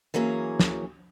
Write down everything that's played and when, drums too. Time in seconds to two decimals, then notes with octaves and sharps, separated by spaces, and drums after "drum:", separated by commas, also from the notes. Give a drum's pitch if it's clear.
0.14 E3 F#3 A#3 C#4 G#4
0.59 drum: snare